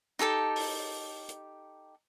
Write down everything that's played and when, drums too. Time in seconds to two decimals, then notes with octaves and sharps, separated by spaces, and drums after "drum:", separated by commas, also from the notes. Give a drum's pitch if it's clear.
0.19 D#4 G4 A4 A5
0.56 drum: open hi-hat
1.29 drum: hi-hat